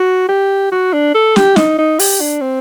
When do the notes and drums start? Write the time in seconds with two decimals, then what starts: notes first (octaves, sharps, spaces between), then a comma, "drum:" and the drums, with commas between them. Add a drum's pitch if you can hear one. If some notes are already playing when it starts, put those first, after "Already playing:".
Already playing: F#4
0.29 G4
0.72 F#4
0.93 D4
1.14 A4
1.36 G4, drum: snare
1.56 D#4, drum: snare
1.78 D#4
1.99 G4, drum: open hi-hat
2.21 D4
2.41 C4